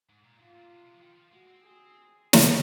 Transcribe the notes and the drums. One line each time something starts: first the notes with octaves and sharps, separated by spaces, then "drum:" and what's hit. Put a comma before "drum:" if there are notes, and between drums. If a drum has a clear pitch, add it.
G#2
A#2
G#2 F4
A#2
C3
C3
F3
D#3
F3
G#3 F#4
C4
G#4
drum: snare